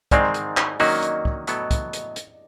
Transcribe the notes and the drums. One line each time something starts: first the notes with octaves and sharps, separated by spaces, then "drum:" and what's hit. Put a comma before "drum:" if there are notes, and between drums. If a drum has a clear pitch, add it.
G#2 D#3 G#3 C4 D5, drum: kick, hi-hat
drum: hi-hat
drum: clap
D#3 F#3 A#3 C#4 F#4 D#5, drum: open hi-hat
drum: hi-hat
drum: kick
A2 F#3 B3 E4 A4, drum: hi-hat
drum: kick, hi-hat
drum: hi-hat
drum: hi-hat